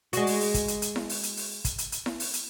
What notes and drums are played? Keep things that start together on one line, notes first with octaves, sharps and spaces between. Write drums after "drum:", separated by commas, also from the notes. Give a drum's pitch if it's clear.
G#3 F#4, drum: hi-hat
drum: open hi-hat
drum: open hi-hat
drum: kick, hi-hat
drum: hi-hat
drum: hi-hat
drum: snare E4
drum: open hi-hat
drum: hi-hat
drum: open hi-hat
drum: kick, hi-hat
drum: hi-hat
drum: hi-hat
drum: snare E4
drum: open hi-hat
drum: hi-hat